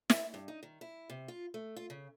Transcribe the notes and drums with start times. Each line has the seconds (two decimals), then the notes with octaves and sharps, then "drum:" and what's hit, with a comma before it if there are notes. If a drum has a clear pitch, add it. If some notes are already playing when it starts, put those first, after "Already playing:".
0.10 E5, drum: snare
0.34 G2
0.48 D#4
0.63 D#3
0.81 E4
1.10 C3
1.28 F4
1.54 A3
1.76 F4
1.90 C#3